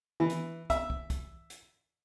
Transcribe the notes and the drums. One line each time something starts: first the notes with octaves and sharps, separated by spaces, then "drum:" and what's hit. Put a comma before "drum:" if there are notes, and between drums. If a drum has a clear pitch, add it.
E3
drum: hi-hat
E5, drum: kick, hi-hat
drum: kick
drum: kick, hi-hat
drum: hi-hat